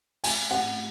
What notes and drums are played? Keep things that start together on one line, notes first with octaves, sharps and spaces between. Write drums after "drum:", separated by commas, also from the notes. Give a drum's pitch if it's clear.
G#5, drum: open hi-hat
F#5